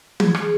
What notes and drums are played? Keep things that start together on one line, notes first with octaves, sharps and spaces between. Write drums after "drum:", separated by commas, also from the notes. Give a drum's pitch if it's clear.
G#4, drum: tom E3
drum: rim click